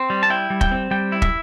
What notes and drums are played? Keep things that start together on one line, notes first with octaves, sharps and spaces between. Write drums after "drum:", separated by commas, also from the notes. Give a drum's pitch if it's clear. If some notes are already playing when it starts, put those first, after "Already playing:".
Already playing: C4
G3
A5
E4 G5
G3
G5, drum: kick
C4
G3 G5
E4
E5, drum: kick